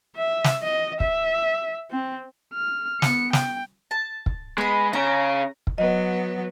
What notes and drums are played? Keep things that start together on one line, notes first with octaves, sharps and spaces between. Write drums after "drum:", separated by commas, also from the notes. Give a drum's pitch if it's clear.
E5
drum: snare
D#5
E5, drum: kick
C4
F6
B3 C#7, drum: snare
G5, drum: snare
A5
drum: kick
G#3 B3 B5
C#3 C#4 A#5
drum: kick
F#3 B3 D#5